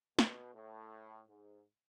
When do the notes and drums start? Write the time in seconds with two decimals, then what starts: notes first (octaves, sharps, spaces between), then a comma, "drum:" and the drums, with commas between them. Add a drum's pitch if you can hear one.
0.19 B2, drum: snare
0.55 A2
1.28 G#2